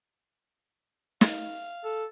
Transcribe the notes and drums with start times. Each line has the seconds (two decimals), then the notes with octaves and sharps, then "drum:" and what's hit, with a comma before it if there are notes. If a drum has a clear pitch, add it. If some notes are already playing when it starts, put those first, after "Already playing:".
1.21 F5, drum: snare
1.84 A4